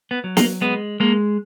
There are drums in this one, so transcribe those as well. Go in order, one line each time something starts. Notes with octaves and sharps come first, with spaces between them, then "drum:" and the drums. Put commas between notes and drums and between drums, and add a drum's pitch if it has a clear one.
B3
F#3
A#3, drum: snare
G#3 B3
G#3 A#3